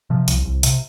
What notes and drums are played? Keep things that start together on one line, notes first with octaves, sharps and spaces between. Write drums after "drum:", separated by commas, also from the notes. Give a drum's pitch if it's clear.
C3 F3
C2, drum: hi-hat
C2
C3, drum: hi-hat